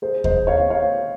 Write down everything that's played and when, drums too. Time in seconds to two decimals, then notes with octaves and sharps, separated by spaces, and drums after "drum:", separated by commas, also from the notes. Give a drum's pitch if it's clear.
0.02 G#4 C5
0.24 C5 D#5, drum: kick D#2
0.47 C#5 F5
0.70 C#5 F5